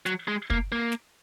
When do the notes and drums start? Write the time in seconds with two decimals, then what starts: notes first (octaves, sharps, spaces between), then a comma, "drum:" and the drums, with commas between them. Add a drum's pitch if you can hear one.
0.06 F#3, drum: snare
0.28 G#3
0.50 A#3, drum: kick
0.72 A#3
0.92 drum: snare